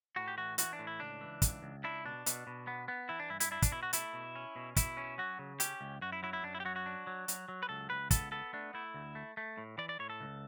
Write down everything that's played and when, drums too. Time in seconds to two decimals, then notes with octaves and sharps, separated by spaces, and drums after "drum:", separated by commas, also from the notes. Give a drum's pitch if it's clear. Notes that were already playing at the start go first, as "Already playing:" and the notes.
0.16 A2 F#4
0.28 G4
0.37 E3 F#4
0.58 E3 F#4, drum: hi-hat
0.73 D4
0.79 A2
0.87 E4
1.00 C#2 D4
1.21 E3
1.42 C#2, drum: kick, hi-hat
1.63 C#2
1.84 D4 E4
2.05 B2 D4
2.26 B2, drum: hi-hat
2.47 B2
2.67 B3
2.88 B3
3.09 E3 E4
3.19 D4
3.30 G2 E4
3.40 E4, drum: hi-hat
3.51 D4 E4
3.62 D4, drum: kick, hi-hat
3.71 B2 E4
3.83 F#4
3.93 A3 E4, drum: hi-hat
4.13 B2
4.35 C#4
4.56 B2
4.76 B2 E4, drum: kick, hi-hat
4.97 C#4
5.18 F#3 F#4
5.39 C#3
5.60 C#4 G4, drum: hi-hat
5.81 C#2
6.01 F#2 F#4
6.12 E4
6.23 F#3 E4
6.33 E4
6.43 F#2 D4
6.55 E4
6.60 G4
6.65 F#3 F#4
6.76 F#4
6.86 D4
7.07 F#3
7.28 F#3, drum: hi-hat
7.49 F#3
7.63 B4
7.69 C#2 A4
7.90 C#2 B4
8.11 B3 A4, drum: kick, hi-hat
8.32 B3 A4
8.53 A3 D4
8.74 A3 E4
8.94 D2
9.15 A3
9.37 A3
9.58 A2
9.78 E3 D5
9.89 D5
9.99 A2 C#5
10.10 A4
10.21 C#2